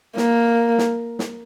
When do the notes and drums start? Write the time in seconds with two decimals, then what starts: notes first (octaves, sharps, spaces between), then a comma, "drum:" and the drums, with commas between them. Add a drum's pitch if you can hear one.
0.17 A#3, drum: snare
0.78 drum: snare
1.19 drum: snare